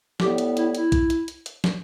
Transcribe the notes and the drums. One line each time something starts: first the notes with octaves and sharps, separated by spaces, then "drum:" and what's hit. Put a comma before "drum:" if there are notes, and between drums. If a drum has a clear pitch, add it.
A2 G3 B3 G4, drum: snare
drum: hi-hat
E4, drum: hi-hat
E4, drum: hi-hat
drum: kick, hi-hat
drum: hi-hat
drum: hi-hat
drum: hi-hat
drum: snare